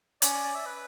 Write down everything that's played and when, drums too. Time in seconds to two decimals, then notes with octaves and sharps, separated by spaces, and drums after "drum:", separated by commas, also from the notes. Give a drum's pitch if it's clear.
0.22 C#4 D5, drum: hi-hat
0.33 D5
0.44 D5
0.55 E5
0.66 B4